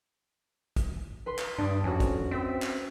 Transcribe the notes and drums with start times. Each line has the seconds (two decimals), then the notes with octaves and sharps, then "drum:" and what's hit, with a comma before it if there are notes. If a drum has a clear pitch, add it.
0.76 drum: kick, hi-hat
1.26 B4 C6
1.38 drum: clap
1.58 G2 D4 D#6
1.84 F2 C#4 F#4
2.00 drum: kick, hi-hat
2.31 C4 E5
2.62 drum: clap